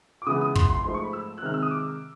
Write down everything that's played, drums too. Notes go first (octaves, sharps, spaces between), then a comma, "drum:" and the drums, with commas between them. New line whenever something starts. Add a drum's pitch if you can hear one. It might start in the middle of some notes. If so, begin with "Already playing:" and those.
D6
C#3 E3 G#3 B3 D#6
D#6
C6, drum: kick
C6
G#2 F3 A3 C6
C#6
B5
E6
F#6
C3 D#3 G#3 F6
E6
D#6
D6